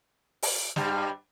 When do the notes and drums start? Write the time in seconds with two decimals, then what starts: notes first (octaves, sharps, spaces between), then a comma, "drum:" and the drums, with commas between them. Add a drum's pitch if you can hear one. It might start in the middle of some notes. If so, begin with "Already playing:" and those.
0.42 drum: open hi-hat
0.76 G2 G3, drum: snare